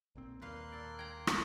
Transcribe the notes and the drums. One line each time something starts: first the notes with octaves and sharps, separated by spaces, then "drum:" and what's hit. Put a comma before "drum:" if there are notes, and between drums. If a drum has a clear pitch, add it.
B1 A#2 C4
D#2 A#2 A#3 B4 F5 C6 F#6
A4 D5
G5 A#5 G#6
drum: rim click